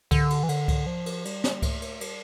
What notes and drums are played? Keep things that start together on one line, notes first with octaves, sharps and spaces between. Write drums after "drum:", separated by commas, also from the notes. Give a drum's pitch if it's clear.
D3, drum: kick C#2, cymbal
drum: cymbal
E3
D3, drum: cymbal
drum: kick C#2, cymbal
F3
drum: cymbal
G3, drum: cymbal
drum: snare
A3, drum: kick C#2, cymbal
drum: cymbal
G3, drum: cymbal